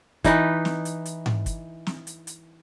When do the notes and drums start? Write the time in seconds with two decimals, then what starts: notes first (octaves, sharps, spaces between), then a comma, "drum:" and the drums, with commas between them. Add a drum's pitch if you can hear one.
0.24 E3 D#4 B4, drum: kick, hi-hat
0.65 drum: snare
0.85 drum: hi-hat
1.05 drum: hi-hat
1.26 drum: tom G#2
1.46 drum: kick, hi-hat
1.87 drum: snare
2.07 drum: hi-hat
2.27 drum: hi-hat